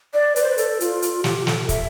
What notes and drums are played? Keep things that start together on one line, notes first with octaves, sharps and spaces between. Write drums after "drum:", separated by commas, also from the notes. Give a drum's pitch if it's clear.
D5
B4, drum: hi-hat
C5
B4
A4, drum: hi-hat
F4, drum: hi-hat
drum: hi-hat
G4, drum: snare
A4, drum: snare
E5, drum: kick, hi-hat